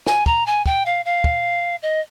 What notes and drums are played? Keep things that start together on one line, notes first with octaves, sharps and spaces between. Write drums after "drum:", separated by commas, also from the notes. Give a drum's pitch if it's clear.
G#5, drum: snare
A#5, drum: kick
G#5
G5, drum: kick
F5
F5
drum: kick
D#5